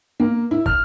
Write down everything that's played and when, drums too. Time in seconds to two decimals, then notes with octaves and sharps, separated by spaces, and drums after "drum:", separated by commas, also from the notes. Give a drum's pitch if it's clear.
0.20 A#3
0.51 E4
0.66 F6, drum: kick